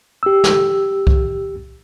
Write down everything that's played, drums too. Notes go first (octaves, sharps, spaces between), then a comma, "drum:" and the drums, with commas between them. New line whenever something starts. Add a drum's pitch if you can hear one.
G4 E6
drum: snare
drum: kick C2